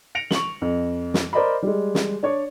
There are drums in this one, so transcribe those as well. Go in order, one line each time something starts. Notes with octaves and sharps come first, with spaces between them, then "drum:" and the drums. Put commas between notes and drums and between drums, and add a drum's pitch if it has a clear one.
A#6 C#7 D7 F7
C#6 F#7, drum: snare
F2
drum: snare
A#4 C5 D5 D#5 B5
G3 G#3
drum: snare
D4 C#5 D5